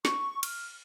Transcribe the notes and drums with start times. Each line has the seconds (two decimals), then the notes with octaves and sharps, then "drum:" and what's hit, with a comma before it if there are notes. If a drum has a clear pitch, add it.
0.05 C#6, drum: snare
0.43 F6, drum: cymbal